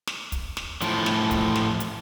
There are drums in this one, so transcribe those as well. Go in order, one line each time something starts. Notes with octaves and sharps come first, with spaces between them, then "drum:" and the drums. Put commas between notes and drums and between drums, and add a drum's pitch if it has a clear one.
drum: snare
drum: kick, hi-hat
drum: snare
A2 F3, drum: hi-hat
drum: snare
drum: kick, hi-hat
drum: snare
drum: hi-hat